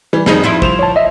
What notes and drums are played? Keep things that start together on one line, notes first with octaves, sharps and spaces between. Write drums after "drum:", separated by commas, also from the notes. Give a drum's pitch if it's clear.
E3 G3
F2 D#3 G3 D#4 G#4, drum: snare
F3 E4 F4
C5 E7 F7, drum: kick
C#5 A5
D#5 E5